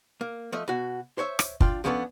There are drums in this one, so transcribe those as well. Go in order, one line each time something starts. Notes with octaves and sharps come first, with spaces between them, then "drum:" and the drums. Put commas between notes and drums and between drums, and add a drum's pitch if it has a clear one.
A#3
F3 A3 D#5
B2 F#4
C5 C#5 E5
drum: rim click
D4 F4 F5 G5, drum: kick
F3 G3 B3 C#4 D4 A4